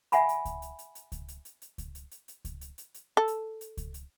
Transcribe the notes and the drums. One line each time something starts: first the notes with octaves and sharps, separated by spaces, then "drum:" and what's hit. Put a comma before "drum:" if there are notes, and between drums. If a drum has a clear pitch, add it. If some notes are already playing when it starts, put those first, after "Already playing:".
E5 F#5 G#5 B5, drum: hi-hat
drum: hi-hat
drum: kick C#2, hi-hat
drum: hi-hat
drum: hi-hat
drum: hi-hat
drum: kick C#2, hi-hat
drum: hi-hat
drum: hi-hat
drum: hi-hat
drum: kick C#2, hi-hat
drum: hi-hat
drum: hi-hat
drum: hi-hat
drum: kick C#2, hi-hat
drum: hi-hat
drum: hi-hat
drum: hi-hat
A4
drum: hi-hat
drum: hi-hat
drum: kick C#2, hi-hat
drum: hi-hat